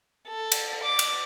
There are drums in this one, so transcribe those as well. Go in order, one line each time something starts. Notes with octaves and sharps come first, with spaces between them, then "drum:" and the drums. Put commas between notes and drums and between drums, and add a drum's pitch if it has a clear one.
A4
drum: cymbal
D6
drum: cymbal